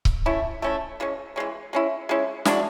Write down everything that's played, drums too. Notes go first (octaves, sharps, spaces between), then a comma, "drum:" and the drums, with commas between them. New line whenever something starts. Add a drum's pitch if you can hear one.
drum: kick C#1
A3 C#4 E4
A3 C#4 E4
E3 G#3 C#4
E3 G#3 C#4
G#3 C#4 E4
G#3 C#4 E4
E3 G#3 D4 F#4, drum: snare